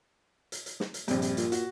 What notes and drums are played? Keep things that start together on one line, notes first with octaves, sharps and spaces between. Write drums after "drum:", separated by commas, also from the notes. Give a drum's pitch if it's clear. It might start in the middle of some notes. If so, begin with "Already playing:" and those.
drum: hi-hat
drum: hi-hat
drum: snare
drum: hi-hat
A#1 G2 C3, drum: hi-hat
drum: hi-hat
A#2, drum: hi-hat
F#4, drum: hi-hat